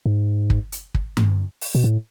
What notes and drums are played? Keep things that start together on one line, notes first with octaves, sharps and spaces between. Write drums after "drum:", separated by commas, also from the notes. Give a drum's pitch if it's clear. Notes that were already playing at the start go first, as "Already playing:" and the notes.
G#2
drum: kick
drum: hi-hat
drum: kick
drum: tom G2
drum: open hi-hat
B2
A2